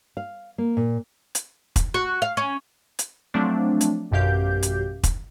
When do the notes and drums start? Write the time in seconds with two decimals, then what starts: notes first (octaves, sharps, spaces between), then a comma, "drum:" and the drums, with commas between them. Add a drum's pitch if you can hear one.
0.17 F5
0.58 A#3
0.77 A#2
1.35 drum: hi-hat
1.76 drum: kick, hi-hat
1.94 F#4
2.22 F5
2.37 C#4
2.99 drum: hi-hat
3.34 F3 F#3 A3 C4 D4
3.81 drum: hi-hat
4.11 A1 F#2 B2 G4 F5 G6
4.63 drum: hi-hat
5.03 drum: kick, hi-hat